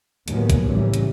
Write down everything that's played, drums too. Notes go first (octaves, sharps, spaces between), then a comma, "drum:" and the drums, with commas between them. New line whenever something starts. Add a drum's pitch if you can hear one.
D#2 A2 D#3 F#3 G#3 B3, drum: hi-hat
drum: kick, hi-hat
A2 C#3 E3 F#3 G3
drum: hi-hat